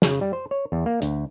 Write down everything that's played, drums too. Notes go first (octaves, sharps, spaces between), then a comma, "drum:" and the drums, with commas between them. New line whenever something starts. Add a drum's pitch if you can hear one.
C#3, drum: snare
G3
C5
C#5
E2
A#3
D2, drum: hi-hat